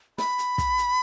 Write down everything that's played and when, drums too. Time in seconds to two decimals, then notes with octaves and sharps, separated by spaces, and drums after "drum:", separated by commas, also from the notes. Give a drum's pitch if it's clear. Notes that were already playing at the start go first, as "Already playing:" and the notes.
0.18 B5, drum: snare
0.38 drum: hi-hat
0.58 drum: kick, hi-hat
0.78 drum: hi-hat